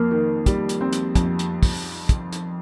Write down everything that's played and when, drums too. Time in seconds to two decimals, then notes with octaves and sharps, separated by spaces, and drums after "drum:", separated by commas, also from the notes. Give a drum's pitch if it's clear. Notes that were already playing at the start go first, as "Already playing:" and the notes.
Already playing: F2 A#3
0.11 D#3
0.46 G3, drum: kick, hi-hat
0.69 drum: hi-hat
0.81 C4
0.93 drum: hi-hat
1.15 F2, drum: kick, hi-hat
1.39 drum: hi-hat
1.63 drum: kick, open hi-hat
2.09 drum: kick, hi-hat
2.33 drum: hi-hat